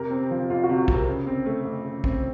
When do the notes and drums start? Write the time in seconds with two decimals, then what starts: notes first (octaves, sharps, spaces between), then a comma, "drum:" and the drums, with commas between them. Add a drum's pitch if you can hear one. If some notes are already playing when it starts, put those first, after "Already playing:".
Already playing: F2 C3 A#4
0.10 C4
0.31 F3
0.50 F2 F4
0.63 F#4
0.69 C3
0.78 F#4
0.88 C4, drum: kick
0.93 A#4
1.08 C#3
1.27 C4
1.46 A3
1.65 F2
1.84 C#3
2.04 C4, drum: kick